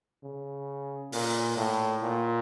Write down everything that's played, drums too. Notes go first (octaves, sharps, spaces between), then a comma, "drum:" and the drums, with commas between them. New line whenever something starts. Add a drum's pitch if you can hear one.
C#3
A#2, drum: open hi-hat
A2
A#2